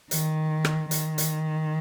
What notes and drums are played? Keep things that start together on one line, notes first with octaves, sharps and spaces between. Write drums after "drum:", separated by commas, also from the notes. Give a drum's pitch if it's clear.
D#3, drum: hi-hat
drum: rim click
D#3, drum: hi-hat
drum: hi-hat